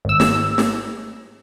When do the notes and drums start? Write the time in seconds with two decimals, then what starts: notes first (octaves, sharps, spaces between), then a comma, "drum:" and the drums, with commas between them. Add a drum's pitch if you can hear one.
0.05 G#1 E6
0.20 drum: snare
0.58 drum: snare